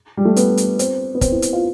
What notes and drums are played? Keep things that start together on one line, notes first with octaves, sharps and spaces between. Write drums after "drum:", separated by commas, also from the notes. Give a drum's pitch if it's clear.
G3
A3
B3, drum: hi-hat
drum: hi-hat
C4, drum: hi-hat
B3
C4, drum: kick, hi-hat
E4
drum: hi-hat
F4